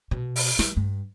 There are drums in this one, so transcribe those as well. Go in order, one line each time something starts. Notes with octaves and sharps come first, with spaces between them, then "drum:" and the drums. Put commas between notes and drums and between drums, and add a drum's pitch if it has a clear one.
B2
drum: open hi-hat
G3, drum: snare
G2